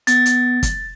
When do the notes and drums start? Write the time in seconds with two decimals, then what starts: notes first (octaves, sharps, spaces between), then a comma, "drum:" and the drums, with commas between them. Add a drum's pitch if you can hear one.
0.07 B3 A6, drum: hi-hat
0.26 drum: hi-hat
0.63 drum: kick, hi-hat